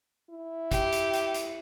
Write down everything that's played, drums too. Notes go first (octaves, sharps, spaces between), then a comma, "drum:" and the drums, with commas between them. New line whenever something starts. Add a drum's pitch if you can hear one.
E4
G4, drum: kick, hi-hat
drum: hi-hat
drum: hi-hat
drum: hi-hat